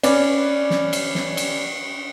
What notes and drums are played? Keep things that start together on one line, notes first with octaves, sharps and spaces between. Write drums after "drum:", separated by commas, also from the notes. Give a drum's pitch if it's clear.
C#4 B4 D5, drum: cymbal
drum: snare
drum: cymbal
drum: snare
drum: cymbal